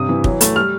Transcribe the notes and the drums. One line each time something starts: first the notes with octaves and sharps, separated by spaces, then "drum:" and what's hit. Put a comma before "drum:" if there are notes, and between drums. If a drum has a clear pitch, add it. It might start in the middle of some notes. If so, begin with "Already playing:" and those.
Already playing: G2 C3 D#6
E3
F#3, drum: kick
A3, drum: hi-hat
G3 F6